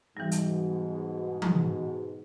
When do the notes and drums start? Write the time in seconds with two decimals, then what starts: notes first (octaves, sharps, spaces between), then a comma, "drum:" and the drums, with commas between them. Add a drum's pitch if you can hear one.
0.17 G#2 B2 E3 G3
0.31 drum: hi-hat
1.42 drum: tom E3